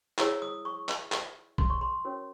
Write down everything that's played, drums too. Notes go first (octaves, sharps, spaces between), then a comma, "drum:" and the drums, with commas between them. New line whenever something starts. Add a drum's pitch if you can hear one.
E4 G#4 C#5 E6, drum: clap
D#6
C#6
drum: clap
drum: clap
C6, drum: kick
C#6
C6
C#4 F#4 A#4 C#5